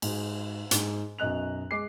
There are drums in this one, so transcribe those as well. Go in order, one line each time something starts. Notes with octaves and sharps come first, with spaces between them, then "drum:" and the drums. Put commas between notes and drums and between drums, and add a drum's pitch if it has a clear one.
G#2, drum: cymbal
G#2, drum: hi-hat
B1 F#2 D#5 F#6 F7
G#3 D6 C7